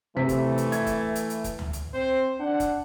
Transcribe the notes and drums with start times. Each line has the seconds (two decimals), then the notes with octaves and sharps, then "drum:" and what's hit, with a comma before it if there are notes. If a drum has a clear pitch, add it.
0.16 C3 E3 A3 B6
0.29 drum: kick F1, hi-hat
0.58 drum: hi-hat
0.72 G#6, drum: hi-hat
0.87 drum: kick F1, hi-hat
1.15 drum: hi-hat
1.30 drum: hi-hat
1.44 drum: kick F1, hi-hat
1.59 drum: tom C#2
1.73 drum: hi-hat
1.94 C4 C5
2.40 D4 F#5
2.60 drum: kick F1, hi-hat